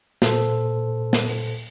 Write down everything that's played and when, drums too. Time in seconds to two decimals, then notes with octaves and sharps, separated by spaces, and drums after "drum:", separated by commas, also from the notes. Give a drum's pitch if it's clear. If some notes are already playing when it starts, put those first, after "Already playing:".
0.22 A#2 A4 C5, drum: snare
1.13 drum: snare
1.27 drum: open hi-hat